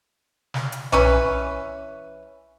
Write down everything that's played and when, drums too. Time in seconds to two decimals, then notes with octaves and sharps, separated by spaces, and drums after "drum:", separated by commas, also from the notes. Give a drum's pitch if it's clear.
0.54 drum: snare
0.72 drum: hi-hat
0.92 E3 C#4 B4, drum: tom B1